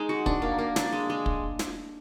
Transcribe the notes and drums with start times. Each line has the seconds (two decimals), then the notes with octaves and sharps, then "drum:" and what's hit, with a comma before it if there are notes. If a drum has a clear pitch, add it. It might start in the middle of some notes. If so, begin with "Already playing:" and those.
Already playing: G#3 D#4
0.09 F#4
0.26 D4, drum: kick
0.42 A#3
0.59 A#3
0.76 D4, drum: snare
0.93 G#3
1.10 G#3
1.26 drum: kick
1.59 drum: snare